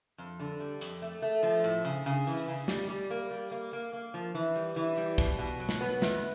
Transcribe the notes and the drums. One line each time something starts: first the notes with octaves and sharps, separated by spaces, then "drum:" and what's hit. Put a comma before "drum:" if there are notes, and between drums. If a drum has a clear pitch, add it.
F2
D3
G3
F2, drum: hi-hat
A3
A3
F3
A2
C#3
C#3
E3, drum: open hi-hat
C#3
G3, drum: snare
G3
A#3
G3
A#3
A#3
A#3
F3
E3
G3
E3
G3
B2, drum: kick
B2
F#3
drum: snare
B3
E2, drum: snare